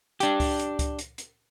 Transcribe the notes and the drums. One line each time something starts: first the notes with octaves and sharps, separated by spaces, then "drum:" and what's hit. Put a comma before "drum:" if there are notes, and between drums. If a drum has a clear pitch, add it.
D4 G4, drum: hi-hat
drum: kick C#2, open hi-hat
drum: hi-hat
drum: kick C#2, hi-hat
drum: hi-hat
drum: hi-hat